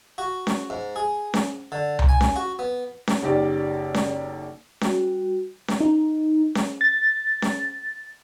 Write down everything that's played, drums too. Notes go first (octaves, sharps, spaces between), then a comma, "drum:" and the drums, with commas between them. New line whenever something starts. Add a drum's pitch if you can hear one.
F#4
drum: snare C#4
G#2
G#4
drum: snare C#4
D3
drum: tom C2
G#5
drum: snare C#4
F#4
B3
drum: snare C#4
F#1 D#4 G4 D5
drum: snare C#4
G3 F#4, drum: snare C#4
drum: snare C#4
D#4
drum: snare C#4
A6
drum: snare C#4